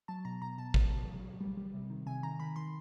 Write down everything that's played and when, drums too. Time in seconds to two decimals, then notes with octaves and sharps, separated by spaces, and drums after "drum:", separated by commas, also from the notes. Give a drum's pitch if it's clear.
0.08 F#3 A5
0.25 B2 A#5
0.41 B2 A#5
0.58 B2 A5
0.74 B2, drum: kick
0.91 F#3
1.07 F#3
1.24 F#3
1.41 G3
1.57 G3
1.74 C3
1.90 D#3
2.06 C3 G#5
2.23 D#3 A#5
2.40 D#3 B5
2.56 D#3 C6